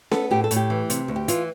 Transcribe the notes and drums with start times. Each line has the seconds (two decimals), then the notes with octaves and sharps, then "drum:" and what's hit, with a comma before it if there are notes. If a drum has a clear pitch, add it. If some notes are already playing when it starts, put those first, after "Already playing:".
0.11 B3 A4, drum: snare C#4
0.31 A2 G4
0.44 A4
0.51 A2, drum: hi-hat
0.56 G4
0.70 E3
0.90 C3, drum: hi-hat
1.08 D2
1.16 G4
1.28 E3 F4, drum: hi-hat